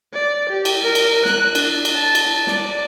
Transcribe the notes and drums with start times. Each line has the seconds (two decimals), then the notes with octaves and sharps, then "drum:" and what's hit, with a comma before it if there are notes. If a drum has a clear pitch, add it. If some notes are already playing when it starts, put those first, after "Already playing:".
0.13 D5
0.49 G4
0.65 drum: cymbal
0.82 A#4
0.95 drum: cymbal
1.25 F#6, drum: snare
1.55 D4, drum: cymbal
1.85 drum: cymbal
1.95 A5
2.15 drum: cymbal
2.47 D5, drum: snare